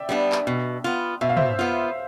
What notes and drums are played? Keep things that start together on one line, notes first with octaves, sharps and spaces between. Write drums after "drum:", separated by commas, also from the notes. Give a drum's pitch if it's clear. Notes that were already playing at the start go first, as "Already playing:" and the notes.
Already playing: D5 E5 G5
G3 B3 D4
drum: clap
B2
B3 F4
B2 E5
F5
C5 E5, drum: tom
B3 F4